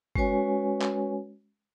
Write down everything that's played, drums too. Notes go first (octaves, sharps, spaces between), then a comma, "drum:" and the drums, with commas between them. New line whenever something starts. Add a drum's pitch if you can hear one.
G#3 C#4 F#4 B4 C#5 G#5, drum: kick G1
drum: clap